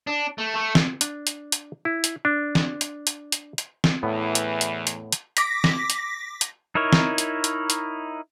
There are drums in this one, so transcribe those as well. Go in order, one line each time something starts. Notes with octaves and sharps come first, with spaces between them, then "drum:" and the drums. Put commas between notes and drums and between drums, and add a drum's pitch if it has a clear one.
D4
A3
A3
drum: snare
D4, drum: hi-hat
drum: hi-hat
drum: hi-hat
E4
drum: hi-hat
D4
drum: snare
drum: hi-hat
drum: hi-hat
drum: hi-hat
drum: hi-hat
drum: snare
E2 A2 E3 B3
drum: hi-hat
drum: hi-hat
drum: hi-hat
drum: hi-hat
D6 A#6 B6, drum: hi-hat
drum: snare
drum: hi-hat
drum: hi-hat
D#4 E4 A#4 C#5
drum: snare
drum: hi-hat
drum: hi-hat
drum: hi-hat